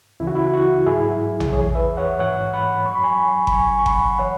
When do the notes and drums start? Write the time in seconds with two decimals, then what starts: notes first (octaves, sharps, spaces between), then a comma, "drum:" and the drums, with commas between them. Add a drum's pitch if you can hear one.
0.20 C#2 C#3 E3 E4
0.27 F#4
0.35 E4
0.53 F#4
0.86 G#2 F#3 E4 G#4
1.40 drum: tom
1.53 E2 E3 G#4 C#5
1.75 B4 E5
1.97 C#5 F#5
2.19 G#2 E3 C#5 F#5
2.53 F#5 B5
2.86 F#2 F#3 C#6
2.95 B5
3.04 G#5 C#6
3.47 B5, drum: kick G1
3.52 F#2 F#3 G#5 C#6
3.79 C#6
3.86 F#5 B5, drum: kick G1
4.18 E3 C#5 F#5